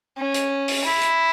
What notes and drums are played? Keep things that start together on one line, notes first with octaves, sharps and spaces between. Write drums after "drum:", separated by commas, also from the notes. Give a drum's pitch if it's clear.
C#4
drum: hi-hat
drum: open hi-hat
E4
drum: hi-hat